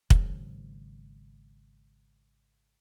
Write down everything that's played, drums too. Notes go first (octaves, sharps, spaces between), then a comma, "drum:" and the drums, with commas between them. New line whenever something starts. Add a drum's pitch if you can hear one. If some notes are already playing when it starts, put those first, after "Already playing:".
G#1 C#3 F#3, drum: kick